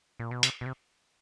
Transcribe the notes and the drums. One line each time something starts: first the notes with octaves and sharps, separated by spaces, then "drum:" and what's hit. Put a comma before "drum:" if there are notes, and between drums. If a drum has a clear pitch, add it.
A#2
B2
C3, drum: hi-hat
B2
C3